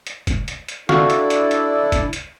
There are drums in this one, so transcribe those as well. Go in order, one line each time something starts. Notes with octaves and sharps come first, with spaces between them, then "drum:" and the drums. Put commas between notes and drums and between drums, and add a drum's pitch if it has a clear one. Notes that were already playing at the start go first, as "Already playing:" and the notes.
drum: hi-hat
drum: kick, hi-hat
drum: hi-hat
drum: hi-hat
D4 E4 F#4 A4 F5, drum: snare
drum: hi-hat
drum: hi-hat
drum: hi-hat
drum: kick, hi-hat
drum: hi-hat